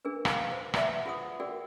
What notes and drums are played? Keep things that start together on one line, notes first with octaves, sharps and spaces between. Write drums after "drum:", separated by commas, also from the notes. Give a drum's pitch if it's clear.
D4 G#4 A#4 B4
F5, drum: rim click
C5
B4 D5 E5 F#5, drum: rim click
F4 G#4 F#5 D#6
F#4 G#4 A#4 D5 G5